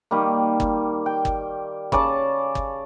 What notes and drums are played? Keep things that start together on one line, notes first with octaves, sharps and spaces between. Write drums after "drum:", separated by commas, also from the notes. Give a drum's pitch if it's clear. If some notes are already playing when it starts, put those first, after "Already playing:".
D#3 G3 A#3
drum: kick
G5
drum: kick
C#3 D5 A5, drum: kick
drum: kick